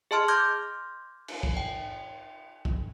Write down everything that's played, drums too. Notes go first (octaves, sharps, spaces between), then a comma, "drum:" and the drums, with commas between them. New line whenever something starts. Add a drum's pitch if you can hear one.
G#4 D#5 A5 C6 F6
C6 D6 F6 G6 G#6 A#6
drum: cymbal
drum: kick
G5
drum: kick